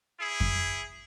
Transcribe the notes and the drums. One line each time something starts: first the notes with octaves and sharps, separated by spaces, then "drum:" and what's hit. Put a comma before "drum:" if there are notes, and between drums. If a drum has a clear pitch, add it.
E4 G#4
drum: kick F2